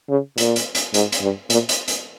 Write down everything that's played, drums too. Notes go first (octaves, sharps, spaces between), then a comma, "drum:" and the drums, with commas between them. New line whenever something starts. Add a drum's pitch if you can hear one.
C#3
A#2, drum: hi-hat
drum: hi-hat
drum: hi-hat
G#2, drum: hi-hat
drum: hi-hat
G2
A#2, drum: hi-hat
drum: hi-hat
drum: hi-hat